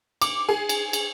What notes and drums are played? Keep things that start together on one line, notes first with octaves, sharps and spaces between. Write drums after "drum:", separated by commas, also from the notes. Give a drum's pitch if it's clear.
D6, drum: cymbal
G#4
drum: cymbal
drum: cymbal